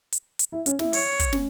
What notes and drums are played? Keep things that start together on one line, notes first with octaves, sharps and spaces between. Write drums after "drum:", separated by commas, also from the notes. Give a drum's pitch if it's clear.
drum: hi-hat
drum: hi-hat
E4
C#4, drum: hi-hat
E4, drum: snare
C#5, drum: open hi-hat
drum: kick, hi-hat
C#4, drum: snare